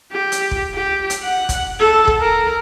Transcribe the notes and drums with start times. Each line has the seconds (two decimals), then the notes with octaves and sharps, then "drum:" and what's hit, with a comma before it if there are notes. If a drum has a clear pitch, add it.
0.12 G4
0.32 drum: hi-hat
0.51 drum: kick
0.75 G4
1.10 drum: hi-hat
1.23 F#5
1.49 drum: kick, hi-hat
1.80 A4
2.07 drum: kick
2.21 A#4